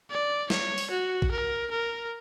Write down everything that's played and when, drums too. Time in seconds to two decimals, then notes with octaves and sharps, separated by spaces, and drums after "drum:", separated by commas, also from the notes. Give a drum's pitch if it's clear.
0.11 D5
0.50 C#5, drum: snare
0.78 drum: open hi-hat
0.91 F#4
1.22 drum: kick A1
1.32 A#4
1.71 A#4